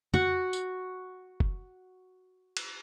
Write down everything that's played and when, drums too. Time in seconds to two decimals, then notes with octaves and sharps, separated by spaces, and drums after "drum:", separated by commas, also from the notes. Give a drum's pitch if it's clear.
0.14 F#4 F#5, drum: tom
0.53 drum: tambourine
1.40 drum: kick F1
2.57 drum: cymbal